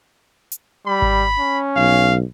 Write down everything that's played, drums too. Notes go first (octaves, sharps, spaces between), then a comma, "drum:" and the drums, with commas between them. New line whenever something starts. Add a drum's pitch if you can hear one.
drum: hi-hat
G3 B5
drum: kick G#1
C#4
B1 F5